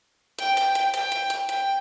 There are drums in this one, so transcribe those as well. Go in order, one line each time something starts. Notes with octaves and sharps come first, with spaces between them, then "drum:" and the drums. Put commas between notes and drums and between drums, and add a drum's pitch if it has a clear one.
G5, drum: hi-hat
drum: hi-hat
drum: hi-hat
G5, drum: hi-hat
drum: hi-hat
drum: hi-hat
G5, drum: hi-hat